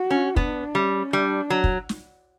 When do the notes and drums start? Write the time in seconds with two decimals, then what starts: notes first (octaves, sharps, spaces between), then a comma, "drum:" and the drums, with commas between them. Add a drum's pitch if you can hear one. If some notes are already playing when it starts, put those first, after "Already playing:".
Already playing: F#4
0.11 C#4
0.36 B3 D4, drum: kick
0.75 G3 C#4
1.13 G3 D4
1.50 F#3
1.64 drum: kick
1.89 drum: snare